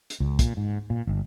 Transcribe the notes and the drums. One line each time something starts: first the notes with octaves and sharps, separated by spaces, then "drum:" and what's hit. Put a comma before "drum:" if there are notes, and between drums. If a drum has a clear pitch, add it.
drum: hi-hat
C#2
A#2, drum: kick, hi-hat
G#2
A#2
G1